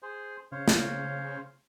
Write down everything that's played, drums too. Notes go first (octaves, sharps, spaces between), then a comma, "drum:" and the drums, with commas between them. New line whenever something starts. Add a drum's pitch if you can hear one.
G#4 C5
C#3 C5 C#5 F5
drum: snare